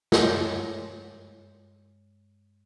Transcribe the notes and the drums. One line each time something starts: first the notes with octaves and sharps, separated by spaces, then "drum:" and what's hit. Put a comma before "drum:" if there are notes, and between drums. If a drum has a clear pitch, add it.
G2 G#3 C#5 G6, drum: snare